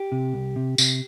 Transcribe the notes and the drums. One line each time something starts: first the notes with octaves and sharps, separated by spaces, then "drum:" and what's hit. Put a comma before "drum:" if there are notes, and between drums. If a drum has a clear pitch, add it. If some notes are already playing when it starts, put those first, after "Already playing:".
Already playing: G4
C3
C2
C3
C3, drum: tambourine